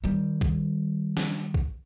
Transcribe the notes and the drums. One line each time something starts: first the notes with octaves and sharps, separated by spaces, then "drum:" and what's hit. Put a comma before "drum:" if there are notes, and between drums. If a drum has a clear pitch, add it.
D#3 G3
drum: kick
drum: snare
drum: kick